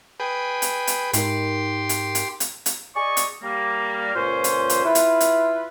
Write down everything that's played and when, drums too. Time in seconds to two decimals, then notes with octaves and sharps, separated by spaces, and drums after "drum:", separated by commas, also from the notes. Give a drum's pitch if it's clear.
0.20 G#4 B4 G5
0.62 drum: hi-hat
0.87 drum: hi-hat
1.13 G#2 D#4 G4 A#4 C6, drum: hi-hat
1.89 drum: hi-hat
2.15 drum: hi-hat
2.40 drum: hi-hat
2.66 drum: hi-hat
2.95 G#4 D5 D#5 G#5 C#6
3.17 drum: hi-hat
3.42 G3 A#3
4.14 C#2 A#2 C#4 C5
4.44 drum: hi-hat
4.70 drum: hi-hat
4.84 E4 F4 B4
4.95 drum: hi-hat
5.20 drum: hi-hat